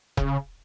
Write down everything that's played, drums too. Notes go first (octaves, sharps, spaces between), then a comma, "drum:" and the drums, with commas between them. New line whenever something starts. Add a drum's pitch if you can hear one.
C#3, drum: kick E1